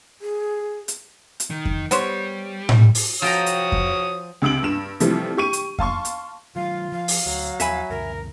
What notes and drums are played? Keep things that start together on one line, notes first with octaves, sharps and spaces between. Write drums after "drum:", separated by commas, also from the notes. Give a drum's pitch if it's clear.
G#4
drum: hi-hat
drum: hi-hat
D#3
drum: kick F2
G3 B3 C5 C#5, drum: hi-hat
drum: tom A2
drum: open hi-hat
F3 F#4 C#5 G5 A#5 D#6
drum: hi-hat
drum: kick F2
C#2 C3 E6 D7 F#7
G2 E7
C3 E3 F3 G3 A3, drum: hi-hat
G4 C#6 D#7
drum: hi-hat
F5 A5 C6 C#6, drum: kick F2
drum: hi-hat
D#3 F#3 F4 F5
F3 F5
drum: open hi-hat
D2 F#3
D#2 F3 E5 G#5 B5, drum: hi-hat
C#2 F#2 D3 A#4